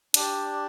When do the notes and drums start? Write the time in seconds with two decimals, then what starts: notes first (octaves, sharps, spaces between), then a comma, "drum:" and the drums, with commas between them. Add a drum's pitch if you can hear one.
0.14 D4 G4 D5, drum: hi-hat